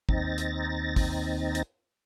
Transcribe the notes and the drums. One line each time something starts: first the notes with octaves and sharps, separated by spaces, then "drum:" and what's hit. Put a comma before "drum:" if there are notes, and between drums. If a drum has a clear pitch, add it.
D#2 C4 D#4 A6 A#6, drum: kick
drum: hi-hat
drum: kick, open hi-hat
drum: hi-hat